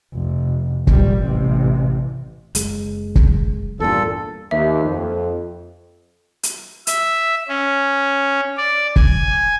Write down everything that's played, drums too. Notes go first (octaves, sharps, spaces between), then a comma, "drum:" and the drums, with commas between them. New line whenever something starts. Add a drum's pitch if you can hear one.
F1
A#1 G3, drum: kick
A1 C3
F#1 G#3, drum: hi-hat
drum: kick
E2 G2 A#2 A4
D#2 E5
F2
drum: hi-hat
E5, drum: hi-hat
C#4
D5
G#5, drum: kick